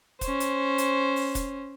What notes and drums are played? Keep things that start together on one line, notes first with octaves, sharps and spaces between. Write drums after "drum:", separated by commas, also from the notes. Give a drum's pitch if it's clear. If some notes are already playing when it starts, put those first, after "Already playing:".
C#4 C5, drum: kick, hi-hat
drum: hi-hat
drum: hi-hat
drum: open hi-hat
drum: kick, hi-hat